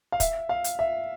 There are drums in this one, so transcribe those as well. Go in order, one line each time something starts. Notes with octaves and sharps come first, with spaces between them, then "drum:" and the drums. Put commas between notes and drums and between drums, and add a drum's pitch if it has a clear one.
F5
E5, drum: kick, hi-hat
F5
drum: hi-hat
E5